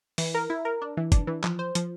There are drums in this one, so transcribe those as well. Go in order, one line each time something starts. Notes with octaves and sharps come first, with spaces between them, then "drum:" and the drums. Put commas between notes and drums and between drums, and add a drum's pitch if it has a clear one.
E3, drum: open hi-hat
A#4
E4
A#4
D4
E3
D4, drum: kick, hi-hat
E3
F3, drum: clap
C5
F3, drum: hi-hat